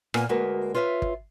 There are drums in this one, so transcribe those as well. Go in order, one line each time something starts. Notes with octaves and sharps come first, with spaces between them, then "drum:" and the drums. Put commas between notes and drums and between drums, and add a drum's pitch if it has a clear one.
A#2 A#3 B3 F4 G#5, drum: rim click
D2 G#3 A#3 F#4 A#4 B4
F4 B4 C#5 D#5 E5
drum: kick